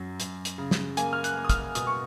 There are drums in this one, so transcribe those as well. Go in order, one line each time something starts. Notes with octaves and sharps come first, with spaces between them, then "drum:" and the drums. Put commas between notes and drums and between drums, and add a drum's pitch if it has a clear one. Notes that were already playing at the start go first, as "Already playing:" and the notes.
Already playing: F#2 F#3
F#2, drum: hi-hat
drum: hi-hat
C#3
drum: snare
A#3 G#5, drum: hi-hat
F6
F#6, drum: hi-hat
A#3
D#6
F6, drum: kick, hi-hat
B2 D#6, drum: hi-hat
C#6